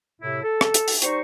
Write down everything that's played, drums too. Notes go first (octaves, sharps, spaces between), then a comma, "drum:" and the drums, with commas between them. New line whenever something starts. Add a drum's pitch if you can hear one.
A2 C3 E4
A4
drum: rim click
drum: hi-hat
drum: open hi-hat
G3 D#4 C5 C#6, drum: hi-hat